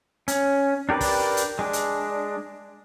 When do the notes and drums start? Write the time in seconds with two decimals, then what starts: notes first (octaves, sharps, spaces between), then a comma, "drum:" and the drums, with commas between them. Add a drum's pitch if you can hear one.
0.28 C#4, drum: hi-hat
0.89 D4 G4 A#4 B4 D5
1.01 drum: kick, open hi-hat
1.37 drum: hi-hat
1.59 G#3 D4
1.73 drum: hi-hat